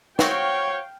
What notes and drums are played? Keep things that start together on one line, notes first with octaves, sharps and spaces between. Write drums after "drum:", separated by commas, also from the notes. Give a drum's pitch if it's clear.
C4 F#4 C#5 F5 G5, drum: snare